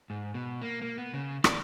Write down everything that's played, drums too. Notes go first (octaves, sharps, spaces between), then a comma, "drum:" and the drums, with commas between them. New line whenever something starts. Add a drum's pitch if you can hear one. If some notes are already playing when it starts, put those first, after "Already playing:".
G#2
B2
A#3
A#3
B3
C#3
D5, drum: rim click